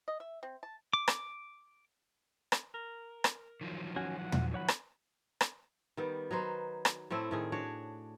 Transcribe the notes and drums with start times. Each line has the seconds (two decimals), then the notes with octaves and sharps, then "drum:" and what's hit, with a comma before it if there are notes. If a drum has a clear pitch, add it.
0.08 D#5
0.20 E5
0.43 C4
0.63 A5
0.93 D6
1.08 drum: rim click
2.52 drum: rim click
2.74 A#4
3.24 drum: rim click
3.61 D#3 F3 F#3
3.96 C#4 F#4 G#5
4.19 F#5
4.32 drum: tom
4.54 C#5 F#5 B5
4.68 drum: rim click
5.41 drum: rim click
5.97 D#3 G3 B3
6.31 F#3 D#4 B4 C5
6.85 drum: rim click
7.10 A2 A3 C4 E4
7.31 A2 D#3 G#4
7.52 D4 F#4 C#5